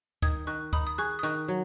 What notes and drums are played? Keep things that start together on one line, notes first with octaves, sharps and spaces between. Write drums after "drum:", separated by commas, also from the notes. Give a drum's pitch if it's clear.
D#3 D#6 G#6, drum: kick, hi-hat
D#3 C#6 F#6
D#4 B5 D#6, drum: kick
D#6
G#4 C#6 F#6
D#6
D#3 C#6 F#6, drum: hi-hat
F#3